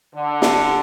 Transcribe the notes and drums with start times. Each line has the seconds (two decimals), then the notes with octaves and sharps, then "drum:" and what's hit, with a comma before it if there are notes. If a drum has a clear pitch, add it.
0.14 D3
0.42 drum: snare